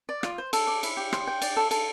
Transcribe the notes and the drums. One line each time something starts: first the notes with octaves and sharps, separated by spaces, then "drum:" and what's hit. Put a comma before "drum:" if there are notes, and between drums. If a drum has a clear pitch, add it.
D5
F4, drum: rim click
C5
A4, drum: cymbal
D6
E4, drum: cymbal
G4
C6, drum: rim click
G5
D5, drum: cymbal
A4
A4, drum: cymbal